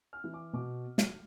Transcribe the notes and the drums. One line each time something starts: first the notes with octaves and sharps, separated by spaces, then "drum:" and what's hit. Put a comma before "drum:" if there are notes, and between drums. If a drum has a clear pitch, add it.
F6
E3
D6
B2 D6
drum: snare